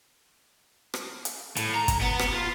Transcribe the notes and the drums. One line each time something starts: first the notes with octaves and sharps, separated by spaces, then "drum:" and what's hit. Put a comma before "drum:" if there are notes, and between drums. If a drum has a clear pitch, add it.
drum: rim click
drum: hi-hat
A2, drum: hi-hat
A#5
drum: kick, hi-hat
B3
drum: rim click
F4